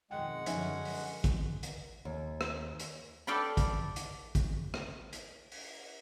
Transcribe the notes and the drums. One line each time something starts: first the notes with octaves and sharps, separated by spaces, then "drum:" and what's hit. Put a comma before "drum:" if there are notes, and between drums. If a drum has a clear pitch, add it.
F2 B2 D#3 G#3 F#5 G5
F#2 D3 F3 F#3 C#4 D#4 E5, drum: hi-hat
drum: open hi-hat
drum: kick, hi-hat
drum: hi-hat
D#2
drum: rim click
drum: hi-hat
A4 D5 F5 G5 B5
drum: kick, hi-hat
drum: hi-hat
drum: kick, hi-hat
drum: rim click
drum: hi-hat
drum: open hi-hat